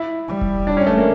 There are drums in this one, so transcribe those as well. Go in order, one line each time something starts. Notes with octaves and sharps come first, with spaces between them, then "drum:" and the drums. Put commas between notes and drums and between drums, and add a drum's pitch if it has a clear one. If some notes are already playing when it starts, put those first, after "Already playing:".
Already playing: E4
G3
drum: kick E1
D4
C#4
A3
A#3